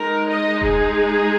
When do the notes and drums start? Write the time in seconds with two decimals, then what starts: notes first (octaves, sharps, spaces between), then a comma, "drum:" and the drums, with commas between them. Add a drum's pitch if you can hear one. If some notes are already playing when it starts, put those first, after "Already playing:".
Already playing: G#3 D#4 A#4
0.28 D#5
0.61 G#4, drum: kick D#1